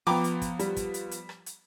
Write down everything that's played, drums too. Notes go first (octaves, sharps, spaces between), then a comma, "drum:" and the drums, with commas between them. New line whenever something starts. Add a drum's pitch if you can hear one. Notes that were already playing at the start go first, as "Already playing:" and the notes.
F3 B3 G5 A#5 B5 D6, drum: open hi-hat
drum: hi-hat
drum: kick, hi-hat
G3, drum: hi-hat
drum: kick, hi-hat
drum: hi-hat
drum: hi-hat
drum: rim click
drum: hi-hat